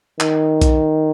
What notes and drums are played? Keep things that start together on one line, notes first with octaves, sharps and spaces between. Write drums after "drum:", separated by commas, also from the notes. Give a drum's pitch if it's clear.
D#3, drum: clap
drum: kick B1, hi-hat